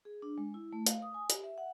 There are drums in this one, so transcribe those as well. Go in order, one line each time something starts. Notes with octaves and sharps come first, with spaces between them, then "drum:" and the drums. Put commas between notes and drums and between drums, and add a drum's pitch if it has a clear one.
G#4
D4
G#3
E4
A3
F5, drum: hi-hat
D#6
G#5
G4, drum: hi-hat
E5
F#5